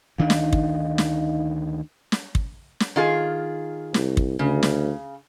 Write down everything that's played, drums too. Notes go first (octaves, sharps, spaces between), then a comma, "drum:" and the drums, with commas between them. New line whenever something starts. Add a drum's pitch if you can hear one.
D2 D#3 D4 D#4 D#5 F5
drum: snare
drum: kick
drum: snare
drum: snare
drum: kick
drum: snare
D#3 F4 G#4
C2, drum: snare
drum: kick
D2 C#3
drum: snare